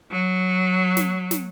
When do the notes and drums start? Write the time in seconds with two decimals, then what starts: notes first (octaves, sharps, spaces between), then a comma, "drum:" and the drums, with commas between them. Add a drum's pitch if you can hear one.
0.11 F#3
0.97 drum: snare
1.31 drum: snare